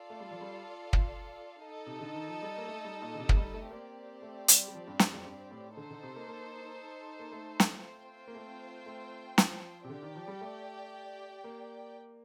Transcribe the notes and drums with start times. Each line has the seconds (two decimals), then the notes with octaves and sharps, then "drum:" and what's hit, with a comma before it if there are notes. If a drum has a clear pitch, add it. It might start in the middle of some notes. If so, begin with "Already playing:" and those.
Already playing: F4 A4 D5 F5
0.10 A3
0.20 G3
0.31 F3
0.41 G3
0.93 drum: kick
1.65 D#4 A4 D#5
1.87 C3
2.00 D3
2.14 D#3
2.28 F3
2.42 G3
2.57 A#3
2.68 A3
2.85 G3
3.02 A#2
3.14 D3
3.19 C3
3.29 A3, drum: kick
3.37 G3
3.54 A3
3.70 A#3 C4 G4 D5
4.22 A3
4.48 G3, drum: hi-hat
4.68 G3
4.74 F3
4.87 G2
4.99 G2, drum: snare
5.13 F2
5.25 G2
5.51 A2
5.77 D3 D#4 A4 C5
5.91 D3
6.03 C3
6.16 A#3
6.28 A#3
7.19 A#3
7.32 A3
7.60 drum: snare
7.83 C4 F4 C5 G5
8.28 A#3
8.35 A3
8.86 A3
9.38 F3, drum: snare
9.84 C3
9.89 D3 G4 D5 G5
10.03 D#3
10.16 F3
10.28 G3
10.41 A3
11.44 A#3